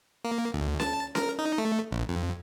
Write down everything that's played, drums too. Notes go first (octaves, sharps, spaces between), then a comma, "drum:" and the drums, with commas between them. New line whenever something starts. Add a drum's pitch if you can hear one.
A#3
D2
A5, drum: snare C#4
A#4, drum: snare C#4
D#4
A3
A#1
F2